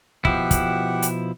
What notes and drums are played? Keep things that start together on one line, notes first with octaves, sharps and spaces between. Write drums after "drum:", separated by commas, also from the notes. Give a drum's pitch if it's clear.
B2 F3 E4 G4 F#5, drum: kick
drum: kick, hi-hat
drum: hi-hat